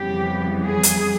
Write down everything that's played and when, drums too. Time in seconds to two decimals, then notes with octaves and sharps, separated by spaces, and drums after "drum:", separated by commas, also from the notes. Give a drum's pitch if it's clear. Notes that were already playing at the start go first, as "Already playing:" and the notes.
Already playing: F2 C#3 E3 G3 B3 G4
0.65 G#4
0.83 drum: hi-hat